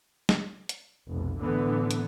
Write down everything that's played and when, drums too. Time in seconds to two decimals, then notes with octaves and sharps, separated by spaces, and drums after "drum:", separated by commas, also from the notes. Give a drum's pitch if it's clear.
0.29 drum: snare
0.69 drum: hi-hat
1.10 F1 B1
1.42 A2 D3 E3 B3
1.91 drum: hi-hat